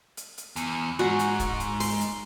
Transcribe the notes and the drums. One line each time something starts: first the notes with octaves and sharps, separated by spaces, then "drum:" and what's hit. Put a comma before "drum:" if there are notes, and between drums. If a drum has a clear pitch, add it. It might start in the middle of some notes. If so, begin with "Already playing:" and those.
drum: hi-hat
drum: hi-hat
E2, drum: hi-hat
G#2 F#4, drum: snare
drum: hi-hat
drum: kick, hi-hat
drum: hi-hat
C6, drum: open hi-hat
drum: hi-hat